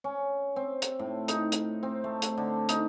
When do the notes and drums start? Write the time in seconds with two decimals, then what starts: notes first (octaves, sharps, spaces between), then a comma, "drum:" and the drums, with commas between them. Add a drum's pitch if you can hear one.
0.04 C#4
0.56 C4
0.82 drum: hi-hat
0.99 A2
1.28 D#4, drum: hi-hat
1.52 drum: hi-hat
1.83 C4
2.04 A3
2.22 drum: hi-hat
2.37 D3
2.69 D#4, drum: hi-hat